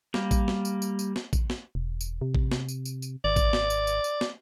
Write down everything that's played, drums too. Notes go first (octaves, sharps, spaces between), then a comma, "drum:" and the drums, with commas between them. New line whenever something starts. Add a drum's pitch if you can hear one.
G3 A#3, drum: snare
drum: kick A1, tambourine
drum: snare
drum: tambourine
drum: tambourine
drum: tambourine
drum: snare
drum: kick A1, tambourine
drum: snare
E1
drum: tambourine
C3
drum: kick A1
drum: snare
drum: tambourine
drum: tambourine
drum: tambourine
G#1 D5
drum: kick A1, tambourine
drum: snare
drum: tambourine
drum: tambourine
drum: tambourine
drum: snare